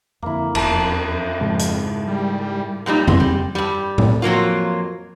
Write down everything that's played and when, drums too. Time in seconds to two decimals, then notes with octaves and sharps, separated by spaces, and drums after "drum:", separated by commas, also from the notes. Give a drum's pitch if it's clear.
0.22 F2 D3 A#3 E4
0.55 D#1 E2 E5 A5, drum: cymbal
0.72 F2
1.41 G#2 C#3 G#3
1.59 drum: hi-hat
2.07 G3
2.86 F#2 A#2 G3 D#4
3.08 E3 G#3, drum: tom F2
3.20 G3
3.55 G2 G3
3.98 drum: tom A2
4.22 F2 F#3 A#3 F4